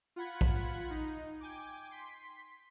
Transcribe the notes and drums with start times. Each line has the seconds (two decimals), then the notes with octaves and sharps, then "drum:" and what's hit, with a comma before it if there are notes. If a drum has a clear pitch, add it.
0.16 F4 F#5 B5 G#6
0.41 drum: kick A#1
0.90 D#4
1.40 G5 G#5 D6
1.91 C6 B6